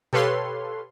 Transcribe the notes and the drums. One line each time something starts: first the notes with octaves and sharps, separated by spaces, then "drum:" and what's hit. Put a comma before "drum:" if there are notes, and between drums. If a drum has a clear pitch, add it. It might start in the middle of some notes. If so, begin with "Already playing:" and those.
G4 A4 B4 C#5 F5 C6, drum: tom B2